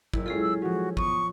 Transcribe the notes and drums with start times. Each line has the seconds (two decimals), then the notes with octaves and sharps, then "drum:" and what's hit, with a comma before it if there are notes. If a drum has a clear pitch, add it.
0.14 F#1 E4, drum: kick
0.26 G#3 C#4 F4 G#4 A4
0.41 E6
0.62 F3 C#4 F#4
0.97 B3 C#6 D#6, drum: kick